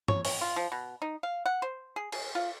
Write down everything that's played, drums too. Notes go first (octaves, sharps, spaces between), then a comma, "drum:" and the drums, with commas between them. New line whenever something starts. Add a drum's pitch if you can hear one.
C#5, drum: tom G2
C#5, drum: open hi-hat
F4
F3
B2
D#4
F5
F#5
C5
G#4
G#4, drum: cymbal
F4